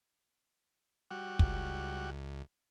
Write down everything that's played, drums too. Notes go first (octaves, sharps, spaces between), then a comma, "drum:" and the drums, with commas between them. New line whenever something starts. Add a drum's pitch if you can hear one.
G3 F#4
C#2, drum: kick